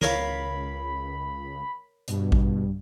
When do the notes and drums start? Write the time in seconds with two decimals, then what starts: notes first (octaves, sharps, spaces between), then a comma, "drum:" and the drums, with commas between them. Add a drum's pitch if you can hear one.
0.01 C#2 A#4 C#5 F5 B5, drum: snare
2.08 G2 B2, drum: hi-hat
2.32 drum: kick A1